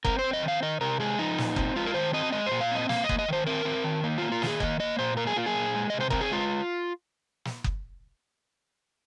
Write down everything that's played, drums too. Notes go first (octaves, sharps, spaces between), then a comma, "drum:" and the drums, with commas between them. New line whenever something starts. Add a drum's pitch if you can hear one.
C4 A#4, drum: kick F#1
C5
C4
D#5
D#3
F5
D#3 D#5
C3 A#4
G#3 G#4
F3 D#4
A#2, drum: snare
C4, drum: kick F#1
G#3 F4
A#4
D#3 C5
C4 D#5
G#3 D#5
A#2 C5
F5
C4 D#5
A#3 F5, drum: snare
D#5
A#3, drum: kick F#1
D#5
D#3 C5
C4 A#4
C4
D#3
A#3
A#3 F4
F4
D#3 G#4, drum: snare
A#3 D#5, drum: kick F#1
A#3 D#5
A#2 C5
A#3 A#4
G#4
A#3 F4
G#4
A#2
G#3
C3 D#5
C5
C4 A#4, drum: kick F#1
G#4
G#3 F4
drum: snare
drum: kick F#1